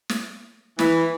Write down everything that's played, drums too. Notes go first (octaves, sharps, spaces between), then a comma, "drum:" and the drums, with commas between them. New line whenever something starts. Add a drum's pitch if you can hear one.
drum: snare
E3, drum: snare